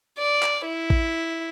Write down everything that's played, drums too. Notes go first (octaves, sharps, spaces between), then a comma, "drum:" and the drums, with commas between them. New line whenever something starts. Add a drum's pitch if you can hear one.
D5
drum: clap
E4
drum: kick A1